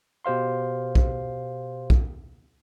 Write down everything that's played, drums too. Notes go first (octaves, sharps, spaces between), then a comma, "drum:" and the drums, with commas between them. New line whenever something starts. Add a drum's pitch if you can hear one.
B2 G4 C5 F5 C6
drum: kick B1
drum: kick B1